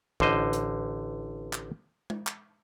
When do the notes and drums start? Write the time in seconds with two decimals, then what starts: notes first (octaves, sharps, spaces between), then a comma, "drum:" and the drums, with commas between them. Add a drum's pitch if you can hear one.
0.20 A1 D3 C5 D#5, drum: kick
0.53 drum: hi-hat
1.53 drum: clap
2.10 drum: tom G#3
2.27 drum: clap